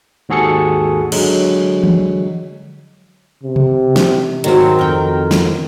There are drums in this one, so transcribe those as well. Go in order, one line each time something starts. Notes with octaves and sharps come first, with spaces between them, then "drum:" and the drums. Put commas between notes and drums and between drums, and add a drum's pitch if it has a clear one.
D#2 G#2 F#4 G#4 A4 C#7
D3 F#3 G#3, drum: cymbal
drum: tom E3
C3
drum: tom C3
drum: snare
G#2 D#3 F#3 C4, drum: hi-hat
F2 A#4 G5
drum: snare